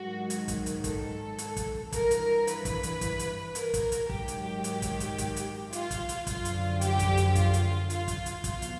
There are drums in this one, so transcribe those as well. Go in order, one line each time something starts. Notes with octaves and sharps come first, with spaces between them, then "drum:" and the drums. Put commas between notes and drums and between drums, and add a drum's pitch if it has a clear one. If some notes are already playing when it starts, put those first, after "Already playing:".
Already playing: G#2 D#3 F#3 F#4
drum: hi-hat
drum: kick, hi-hat
drum: hi-hat
A4, drum: kick, hi-hat
drum: hi-hat
drum: kick, hi-hat
G2 E3 A#4, drum: kick, hi-hat
drum: hi-hat
B4, drum: hi-hat
drum: kick, hi-hat
drum: hi-hat
drum: kick, hi-hat
drum: hi-hat
A#4, drum: hi-hat
drum: kick, hi-hat
drum: hi-hat
G#2 D#3 F#3 G4, drum: kick
drum: hi-hat
drum: hi-hat
drum: kick, hi-hat
drum: hi-hat
drum: kick, hi-hat
drum: hi-hat
F4, drum: hi-hat
drum: kick, hi-hat
drum: hi-hat
F#2 D3 F3 F4, drum: kick, hi-hat
drum: hi-hat
G4, drum: hi-hat
drum: kick, hi-hat
drum: hi-hat
F4, drum: kick, hi-hat
drum: hi-hat
F4, drum: hi-hat
drum: kick, hi-hat
drum: hi-hat
E2 B2 F#3 F4, drum: kick, hi-hat
drum: hi-hat